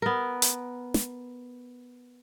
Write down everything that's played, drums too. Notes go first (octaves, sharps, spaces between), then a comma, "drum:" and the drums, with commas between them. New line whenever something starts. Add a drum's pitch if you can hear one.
B3 A#4
drum: hi-hat
drum: snare